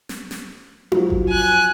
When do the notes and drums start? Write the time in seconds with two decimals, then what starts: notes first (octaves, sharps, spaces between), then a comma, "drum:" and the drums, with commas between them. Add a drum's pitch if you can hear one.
0.09 drum: snare
0.31 drum: snare
0.92 F3 F#3, drum: tom D#4
1.10 drum: kick G#1
1.29 G#5 F#6